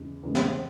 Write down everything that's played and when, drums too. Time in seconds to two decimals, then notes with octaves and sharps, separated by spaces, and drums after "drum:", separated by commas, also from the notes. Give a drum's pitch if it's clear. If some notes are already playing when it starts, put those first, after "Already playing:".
Already playing: E2 C#3 G#3
0.23 E2 C#3 G#3
0.35 drum: snare